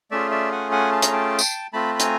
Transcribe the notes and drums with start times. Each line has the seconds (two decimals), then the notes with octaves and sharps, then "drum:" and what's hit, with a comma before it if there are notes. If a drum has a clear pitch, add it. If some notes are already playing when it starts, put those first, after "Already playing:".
0.11 A3 C#4 F4 G#4 D5 E5
0.31 D5 E5
0.52 F#5 G#5
0.72 F#5 G#5
0.92 A5
1.02 A#5, drum: hi-hat
1.13 G5 A5
1.39 drum: tambourine
1.73 A3 C4 F4 A5 B5
1.95 B5
2.00 G#5 A#5, drum: hi-hat